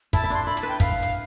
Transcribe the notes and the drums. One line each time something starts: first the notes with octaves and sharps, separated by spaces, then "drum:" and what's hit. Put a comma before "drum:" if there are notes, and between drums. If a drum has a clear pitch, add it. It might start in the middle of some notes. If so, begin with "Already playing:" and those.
E4 A5, drum: kick, hi-hat
E4
D4 C6
E4 B5
A5, drum: hi-hat
B4
G5
B4 F5, drum: kick, hi-hat
drum: hi-hat